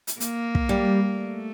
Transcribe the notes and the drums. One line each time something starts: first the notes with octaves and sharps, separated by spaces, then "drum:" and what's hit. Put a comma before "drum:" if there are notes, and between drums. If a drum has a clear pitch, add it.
drum: hi-hat
A#3, drum: hi-hat
drum: kick
G3
A3